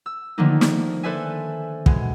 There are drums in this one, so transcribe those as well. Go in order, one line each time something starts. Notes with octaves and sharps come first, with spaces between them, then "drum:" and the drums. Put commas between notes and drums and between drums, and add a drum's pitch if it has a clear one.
E6
D3 D#3 F3 A3 A#3 D#4
drum: snare
A4 B4 C5 D5 E5 G#5
B2 G#3, drum: kick